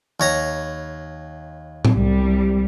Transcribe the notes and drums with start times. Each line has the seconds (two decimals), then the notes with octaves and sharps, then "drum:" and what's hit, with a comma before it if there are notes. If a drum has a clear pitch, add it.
0.20 D#2 C#5 A#5
1.85 drum: tom A2
1.95 C2 G3